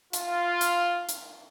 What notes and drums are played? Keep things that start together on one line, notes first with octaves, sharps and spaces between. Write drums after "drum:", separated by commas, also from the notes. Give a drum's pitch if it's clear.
F4, drum: hi-hat
drum: hi-hat
drum: hi-hat